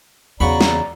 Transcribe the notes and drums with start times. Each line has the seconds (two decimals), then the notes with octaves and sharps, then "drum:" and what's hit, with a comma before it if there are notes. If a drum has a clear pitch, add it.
0.40 E2 C#3 F#4 D5 A#5 B5
0.61 drum: snare